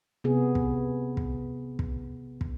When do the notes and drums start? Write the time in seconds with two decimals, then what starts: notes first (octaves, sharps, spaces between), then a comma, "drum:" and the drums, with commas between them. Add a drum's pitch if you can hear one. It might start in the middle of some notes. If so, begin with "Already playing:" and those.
0.24 C3 B3 G#4
0.55 drum: kick
1.17 drum: kick
1.79 drum: kick
2.41 drum: kick